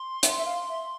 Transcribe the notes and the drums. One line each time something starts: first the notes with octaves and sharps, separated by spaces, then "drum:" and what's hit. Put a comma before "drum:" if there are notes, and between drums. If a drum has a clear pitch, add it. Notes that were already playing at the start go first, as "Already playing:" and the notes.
Already playing: C6
E5, drum: hi-hat
E5
F5
E5